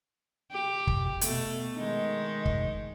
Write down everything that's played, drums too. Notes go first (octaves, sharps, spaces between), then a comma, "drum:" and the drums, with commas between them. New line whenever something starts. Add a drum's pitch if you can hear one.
G4
drum: kick
B2 A3, drum: hi-hat
D#3 G#3 D#4
drum: kick